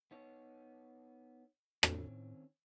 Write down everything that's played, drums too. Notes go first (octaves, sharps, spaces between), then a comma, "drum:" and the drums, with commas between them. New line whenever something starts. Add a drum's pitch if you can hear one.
B3 D#4 C#5
A2 D#3 C4 C#4, drum: rim click